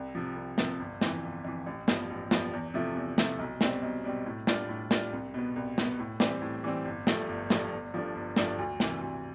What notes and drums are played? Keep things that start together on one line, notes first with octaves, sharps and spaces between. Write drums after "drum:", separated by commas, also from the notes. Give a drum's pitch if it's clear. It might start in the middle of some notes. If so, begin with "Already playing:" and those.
Already playing: C2
C3 F3
C2
C3 F3, drum: snare
G1
F2 E3, drum: snare
G1
F2 E3
A1
G2 F3 B3, drum: snare
A1
G2 F3 B3, drum: snare
E2
C3 F3 A3 E4
E2
C3 F3 A3 E4, drum: snare
B1
B2 G3 C4, drum: snare
B1
B2 G3 C4
A2
G3 D4 F4, drum: snare
A2
G3 D4 F4, drum: snare
C2
B2 B3
C2
B2 B3, drum: snare
A2
E3 G3 C4, drum: snare
A2
E3 G3 C4
G1
G2 F3 A3, drum: snare
G1
G2 F3 A3, drum: snare
G1
G2 F3 A3 D4
G1
G2 F3 A3 D4, drum: snare
D2
C3 E3, drum: snare
D2